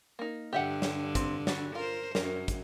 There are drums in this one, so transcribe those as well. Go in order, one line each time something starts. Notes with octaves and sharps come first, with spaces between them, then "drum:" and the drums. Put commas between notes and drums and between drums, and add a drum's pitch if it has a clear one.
A#3 D#4
G2 D3 G4 E5 F#5
drum: snare
C4, drum: kick, hi-hat
G3 F#4, drum: snare
F4 A#4 C5
F#2 A#4, drum: snare
drum: kick, hi-hat